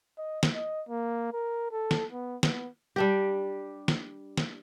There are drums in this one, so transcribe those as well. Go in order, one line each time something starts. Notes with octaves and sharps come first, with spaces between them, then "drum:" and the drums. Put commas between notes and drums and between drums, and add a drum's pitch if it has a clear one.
D#5
drum: snare
D#5
A#3
A#4
A4
drum: snare
B3
B3, drum: snare
G3 D4 G4
drum: snare
drum: snare